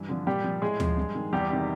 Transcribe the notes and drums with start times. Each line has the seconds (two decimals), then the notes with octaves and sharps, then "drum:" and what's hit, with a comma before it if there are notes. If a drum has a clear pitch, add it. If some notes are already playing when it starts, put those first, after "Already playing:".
Already playing: G2 E3
0.09 D3 F3
0.27 A#2 G3 G4
0.44 F3
0.62 A2 G#3 G#4
0.80 F3, drum: tom
0.97 G2
1.15 D#3
1.33 E2 G3 G4
1.50 C3 D#3